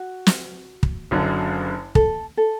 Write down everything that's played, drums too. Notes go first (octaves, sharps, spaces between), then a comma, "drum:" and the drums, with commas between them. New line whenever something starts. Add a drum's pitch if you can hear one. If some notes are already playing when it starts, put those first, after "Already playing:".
Already playing: F#4
drum: snare
drum: kick
F#1 F#2 D3
A4, drum: kick
A4